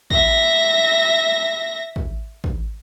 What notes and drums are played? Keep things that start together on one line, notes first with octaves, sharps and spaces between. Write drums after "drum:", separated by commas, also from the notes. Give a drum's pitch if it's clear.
E5 A#6, drum: kick
drum: kick
drum: kick